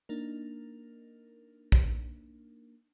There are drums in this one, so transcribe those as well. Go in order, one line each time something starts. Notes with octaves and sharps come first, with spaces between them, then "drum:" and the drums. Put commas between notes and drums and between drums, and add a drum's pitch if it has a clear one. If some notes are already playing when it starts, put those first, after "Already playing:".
A#3 D4 D#4 A#4
drum: kick